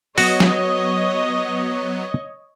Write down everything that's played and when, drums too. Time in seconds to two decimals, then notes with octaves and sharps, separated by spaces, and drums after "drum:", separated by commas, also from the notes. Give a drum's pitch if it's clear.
0.18 F#3 B3 F#4 C#5 D#5, drum: open hi-hat
0.40 drum: snare